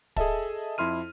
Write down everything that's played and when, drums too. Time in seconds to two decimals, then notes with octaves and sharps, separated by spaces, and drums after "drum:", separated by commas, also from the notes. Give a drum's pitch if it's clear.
0.16 G#4 A4 D#5 E5 A5, drum: kick
0.78 F2 E4 C6 F6 D#7